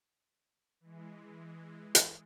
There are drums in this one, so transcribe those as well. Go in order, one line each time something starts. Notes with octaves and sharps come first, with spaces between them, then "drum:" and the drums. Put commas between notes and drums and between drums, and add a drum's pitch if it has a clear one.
E3 G#3
drum: hi-hat